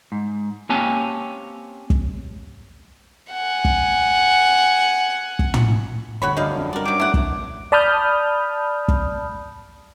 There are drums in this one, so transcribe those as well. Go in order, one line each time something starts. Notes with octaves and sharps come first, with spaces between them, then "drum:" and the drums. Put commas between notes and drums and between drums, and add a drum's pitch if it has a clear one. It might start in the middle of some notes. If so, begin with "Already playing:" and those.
G#2
A#3 C4 C#4 G4 G#5 A5
drum: kick
F#5 G#5
drum: kick
drum: kick
drum: tom
G1 D2 F#4 C#5 B5
F#2 D4 D#4 G#4 F5
F2 D3
G2 A#4 D5
D#3 F#3 D6
A3 E4 F#5
drum: kick
D5 A5 B5 D#6 F6 G6
drum: kick